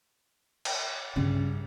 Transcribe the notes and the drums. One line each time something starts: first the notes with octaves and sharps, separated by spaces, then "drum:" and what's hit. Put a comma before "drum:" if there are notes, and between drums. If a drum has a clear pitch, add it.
drum: cymbal
G2 C#3 G3